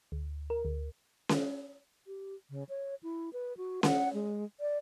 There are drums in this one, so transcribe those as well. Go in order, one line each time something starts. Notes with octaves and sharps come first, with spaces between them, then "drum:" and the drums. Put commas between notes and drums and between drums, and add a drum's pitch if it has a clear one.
D2
A#4
D2
drum: snare C#4
G4
C#3
C#5
E4
B4
F#4
F#5, drum: snare C#4
G#3
D5